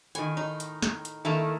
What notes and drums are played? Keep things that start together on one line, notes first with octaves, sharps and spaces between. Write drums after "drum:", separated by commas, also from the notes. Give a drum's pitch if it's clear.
A2 D#3 G#5, drum: hi-hat
D#4
drum: hi-hat
drum: snare
drum: hi-hat
D#3 A3 A#3 E4 A5